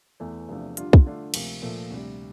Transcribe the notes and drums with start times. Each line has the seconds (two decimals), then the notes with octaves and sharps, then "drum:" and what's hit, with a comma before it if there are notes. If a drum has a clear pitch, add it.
0.20 E2 E3 A3
0.49 E2 C3 F3 A3 D4
0.77 D3 G3 D4 F4, drum: hi-hat
0.93 drum: kick
1.06 D3 A3 D4 F4
1.34 D2 C3 F3 A#3, drum: cymbal
1.62 A#2 F3 A3
1.90 D2 C3 G3